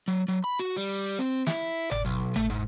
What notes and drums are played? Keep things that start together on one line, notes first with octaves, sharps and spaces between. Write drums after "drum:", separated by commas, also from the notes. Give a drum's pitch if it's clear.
F#3
F#3
B5
F#4
G3
C4
E4, drum: snare
D5, drum: tom G1
B1
A3, drum: tom G1
G#2